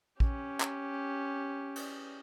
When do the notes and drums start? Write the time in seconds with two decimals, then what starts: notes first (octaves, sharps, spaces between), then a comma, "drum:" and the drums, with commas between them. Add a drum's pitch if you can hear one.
0.20 C#4 G4, drum: kick
0.60 drum: clap
1.76 drum: cymbal